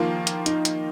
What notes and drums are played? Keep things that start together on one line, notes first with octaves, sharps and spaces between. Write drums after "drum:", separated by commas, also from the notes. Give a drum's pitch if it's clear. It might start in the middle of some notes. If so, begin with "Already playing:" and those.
Already playing: D#3 F3 A#3 F4
drum: hi-hat
D#4, drum: hi-hat
drum: hi-hat